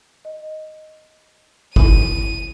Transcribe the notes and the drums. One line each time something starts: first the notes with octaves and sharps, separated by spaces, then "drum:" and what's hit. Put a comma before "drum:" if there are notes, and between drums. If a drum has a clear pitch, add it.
D#5
E3 E4 D#7, drum: kick G1